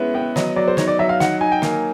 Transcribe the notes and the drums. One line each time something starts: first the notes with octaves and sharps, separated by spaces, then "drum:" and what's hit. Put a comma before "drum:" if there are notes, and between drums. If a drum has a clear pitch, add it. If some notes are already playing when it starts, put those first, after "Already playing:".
Already playing: G#3 B3 C#4 E4
B3 G5
F#3 D#5, drum: snare
F#3 D5
C5
D#4 C#5, drum: snare
D5
F#3 E5
F5
D#4 F#5, drum: snare
D#4 G#5
G5
A#3 G#5, drum: snare